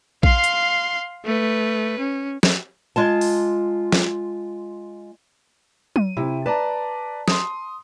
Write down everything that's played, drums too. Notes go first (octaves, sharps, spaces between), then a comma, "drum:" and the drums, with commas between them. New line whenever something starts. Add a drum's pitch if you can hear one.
F5 C6, drum: kick A#1
drum: hi-hat
A3 B4
C#4
drum: snare
G#3 F4 A5
drum: open hi-hat
drum: snare
D#7, drum: tom F#3
C3 E4
B4 D5 A5 A#5
C6 D#6, drum: snare